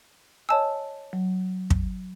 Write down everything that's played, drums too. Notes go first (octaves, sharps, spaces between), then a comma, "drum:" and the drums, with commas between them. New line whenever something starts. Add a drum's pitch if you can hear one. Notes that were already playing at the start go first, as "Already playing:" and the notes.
C#5 D#5 G#5 A5 E6
F#3
drum: kick